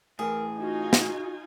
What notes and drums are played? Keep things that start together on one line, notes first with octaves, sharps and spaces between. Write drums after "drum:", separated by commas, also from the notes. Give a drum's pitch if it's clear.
A2 E3 G#4 A#4
D#4 F4 F#4 G#5
drum: snare